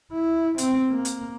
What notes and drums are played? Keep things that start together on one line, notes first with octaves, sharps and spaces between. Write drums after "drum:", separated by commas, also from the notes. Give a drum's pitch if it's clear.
E4
C4, drum: hi-hat
A#3
drum: hi-hat